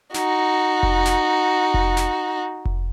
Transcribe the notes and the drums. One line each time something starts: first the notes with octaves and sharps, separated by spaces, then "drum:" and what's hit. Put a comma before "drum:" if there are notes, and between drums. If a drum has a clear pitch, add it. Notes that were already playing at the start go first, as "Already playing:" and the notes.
D#4 F#4, drum: snare
drum: kick F1
drum: snare
drum: kick F1
drum: snare
drum: kick F1